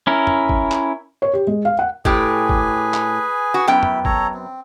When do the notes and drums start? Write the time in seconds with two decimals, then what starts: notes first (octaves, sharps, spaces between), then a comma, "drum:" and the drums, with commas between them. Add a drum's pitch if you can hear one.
0.07 C#4 E4 A#4
0.27 drum: tom
0.49 drum: kick
0.72 drum: clap
1.22 C#5
1.33 G4
1.47 G#3
1.65 F5
1.79 F#5
2.05 A2 G4 G#4 B4 G#5, drum: kick
2.49 drum: kick
2.94 drum: clap
3.54 F#4
3.67 F#2 B3 E4 G5
3.83 drum: tom
4.05 A4 C#5 A#5, drum: kick
4.34 C4